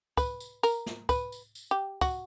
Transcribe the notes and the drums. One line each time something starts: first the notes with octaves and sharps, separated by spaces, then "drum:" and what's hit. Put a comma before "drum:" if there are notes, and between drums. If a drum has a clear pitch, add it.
B4, drum: kick, tambourine
drum: tambourine
A#4, drum: tambourine
drum: snare
B4, drum: kick, tambourine
drum: tambourine
drum: tambourine
G4
F#4, drum: kick, tambourine